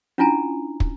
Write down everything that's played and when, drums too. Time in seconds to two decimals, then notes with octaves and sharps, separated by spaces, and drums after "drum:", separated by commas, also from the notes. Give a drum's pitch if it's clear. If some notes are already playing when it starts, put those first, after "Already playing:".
0.18 C#4 D4 E4 F4 G#5 A#5
0.80 drum: kick